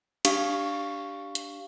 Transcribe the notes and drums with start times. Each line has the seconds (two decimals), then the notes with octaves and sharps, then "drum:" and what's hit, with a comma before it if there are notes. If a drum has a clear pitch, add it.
0.25 D4 G4 F5 C#6, drum: cymbal
1.35 drum: hi-hat